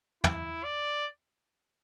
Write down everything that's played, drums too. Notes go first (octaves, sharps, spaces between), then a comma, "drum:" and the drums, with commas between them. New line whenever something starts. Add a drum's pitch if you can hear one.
E4, drum: tom
D5